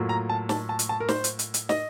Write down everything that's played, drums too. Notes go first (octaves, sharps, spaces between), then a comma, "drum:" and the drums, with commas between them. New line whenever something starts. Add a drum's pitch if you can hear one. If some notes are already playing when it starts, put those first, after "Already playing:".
Already playing: A2 F#3 A#3 F4
A#5
A5
A5, drum: snare
A5
drum: hi-hat
A5
A#4
C5, drum: snare
drum: hi-hat
drum: hi-hat
drum: hi-hat
D#5, drum: snare